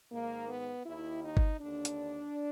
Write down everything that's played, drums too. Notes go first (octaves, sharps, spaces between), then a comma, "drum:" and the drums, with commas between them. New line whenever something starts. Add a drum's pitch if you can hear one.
G#2 D#3 A#3
B3
D#2 D#3 E4
D#4
drum: kick G1
D#2 D3 D4
drum: hi-hat